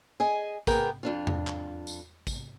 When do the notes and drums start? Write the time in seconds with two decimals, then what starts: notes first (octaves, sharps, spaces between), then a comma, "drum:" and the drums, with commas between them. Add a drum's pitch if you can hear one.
0.20 G#4 D#5 G#5
0.67 A#3 B3 G#4 A#4 G5, drum: kick, tambourine
1.03 F2 D4 F4
1.27 drum: tom E2
1.47 drum: clap
1.87 drum: tambourine
2.27 drum: kick, tambourine